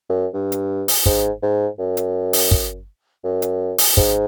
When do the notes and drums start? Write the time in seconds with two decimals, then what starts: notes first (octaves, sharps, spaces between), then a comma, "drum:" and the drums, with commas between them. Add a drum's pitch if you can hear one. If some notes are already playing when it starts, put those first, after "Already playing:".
0.10 F#2
0.34 G2
0.52 drum: hi-hat
0.88 drum: open hi-hat
1.06 G#2, drum: kick
1.42 G#2
1.79 F#2
1.97 drum: hi-hat
2.33 drum: open hi-hat
2.51 drum: kick
3.24 F#2
3.42 drum: hi-hat
3.78 drum: open hi-hat
3.97 G#2, drum: kick